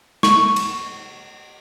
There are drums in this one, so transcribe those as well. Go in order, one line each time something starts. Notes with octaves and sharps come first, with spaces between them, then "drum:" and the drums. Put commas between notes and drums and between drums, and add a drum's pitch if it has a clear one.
C#6, drum: snare
drum: cymbal